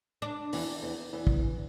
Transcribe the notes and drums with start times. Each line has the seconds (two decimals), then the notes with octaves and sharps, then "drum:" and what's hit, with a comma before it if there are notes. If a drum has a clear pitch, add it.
0.22 D4
0.53 E2 E3, drum: open hi-hat
0.82 E2 E3
1.13 E2 E3
1.27 drum: kick